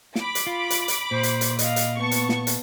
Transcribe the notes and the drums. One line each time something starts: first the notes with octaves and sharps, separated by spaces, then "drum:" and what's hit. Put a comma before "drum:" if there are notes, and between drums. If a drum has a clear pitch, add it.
B5 D6, drum: snare
drum: hi-hat
F4
drum: hi-hat
drum: hi-hat
A#2 C5
drum: hi-hat
drum: hi-hat
D#5 F5, drum: hi-hat
drum: hi-hat
B3 A5 C#6
drum: hi-hat
drum: snare
drum: hi-hat